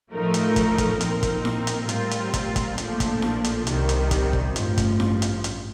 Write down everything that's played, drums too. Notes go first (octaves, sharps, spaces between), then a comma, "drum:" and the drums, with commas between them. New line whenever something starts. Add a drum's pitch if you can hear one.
A2 F3 A3 D#4 A#4
drum: hi-hat
drum: kick, hi-hat
drum: kick, hi-hat
A#2 F3 C4 D#4 A#4, drum: hi-hat
drum: kick, hi-hat
drum: snare E4
drum: hi-hat
A2 G3 C4 F4 A#4, drum: hi-hat
drum: hi-hat
drum: kick, hi-hat
drum: kick, hi-hat
A#1 A#2 F3 A3 D4, drum: hi-hat
drum: kick, hi-hat
drum: snare E4
drum: hi-hat
C2 C3 D#3 G3, drum: hi-hat
drum: hi-hat
drum: kick, hi-hat
drum: kick
A1 G2 F3, drum: hi-hat
drum: kick, hi-hat
drum: snare E4
drum: hi-hat
drum: hi-hat